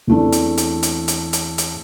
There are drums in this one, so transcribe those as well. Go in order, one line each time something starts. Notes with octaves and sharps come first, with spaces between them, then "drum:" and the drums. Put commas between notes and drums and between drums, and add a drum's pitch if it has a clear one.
E2 E3 A3 C4 D4
drum: hi-hat
drum: hi-hat
drum: hi-hat
drum: hi-hat
drum: hi-hat
drum: hi-hat